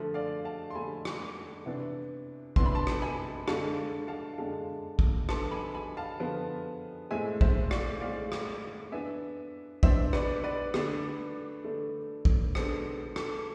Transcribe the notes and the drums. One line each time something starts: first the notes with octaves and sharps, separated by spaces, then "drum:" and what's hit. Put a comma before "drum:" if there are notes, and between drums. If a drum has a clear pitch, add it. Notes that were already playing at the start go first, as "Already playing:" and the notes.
Already playing: D3 F3 A3
D5 F5
F5 A5
C6
D3 F3 A3 G#5 B5
drum: rim click
C3 E3 B3 D4
C3 E3 B3 D4 C6, drum: kick A#1
B5
A5 C6
drum: rim click
G#5 B5
D3 G#3 D4 F5 A5, drum: rim click
F5 A5
D3 G#3 D4 F5 A5
drum: kick A#1
D3 F3 B3 A5 C6, drum: rim click
G#5 B5
G#5 B5
F5 A5
D3 F3 B3
A2 G#3 C4 E5 G#5
C5 E5, drum: kick A#1
D5 F5, drum: rim click
A2 G#3 C4 D5 F5
drum: rim click
E3 B3 D4 E5 G#5
E3 B3 D4 C5 E5, drum: kick A#1
B4 D5, drum: rim click
B4 D5
D3 A3 D4, drum: rim click
D3 A3 D4
drum: kick A#1
B2 G#3 B3 D4 A4 C5, drum: rim click
A4, drum: rim click